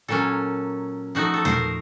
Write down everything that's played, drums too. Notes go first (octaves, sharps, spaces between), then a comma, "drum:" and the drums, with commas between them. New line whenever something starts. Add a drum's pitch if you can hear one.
A#2 F#3 A#3 C#4 A4
F3 A3 D#4 F#4
A4
C5, drum: tom
A#4